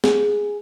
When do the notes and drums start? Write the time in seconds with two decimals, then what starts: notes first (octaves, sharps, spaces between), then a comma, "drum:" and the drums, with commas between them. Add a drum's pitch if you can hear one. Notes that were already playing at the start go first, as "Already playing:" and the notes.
0.04 G#4, drum: snare